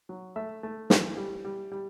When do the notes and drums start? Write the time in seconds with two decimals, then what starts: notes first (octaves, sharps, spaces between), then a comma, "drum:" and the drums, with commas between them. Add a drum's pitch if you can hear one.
0.09 F#3
0.36 A3 E5
0.63 A3
0.90 E3, drum: snare
1.17 G3
1.45 G3
1.72 G3